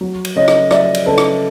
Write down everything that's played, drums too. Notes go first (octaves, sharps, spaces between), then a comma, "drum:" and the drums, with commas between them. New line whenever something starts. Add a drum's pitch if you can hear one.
F#3
drum: cymbal
C#3 C#5 D#5
drum: rim click
F#3 D5 E5, drum: rim click
drum: cymbal
C#3 A4 B4
drum: rim click